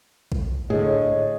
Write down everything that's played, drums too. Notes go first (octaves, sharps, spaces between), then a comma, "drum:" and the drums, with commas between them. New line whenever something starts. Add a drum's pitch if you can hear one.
drum: kick A#1
A2 D3 G#4 C#5 D#5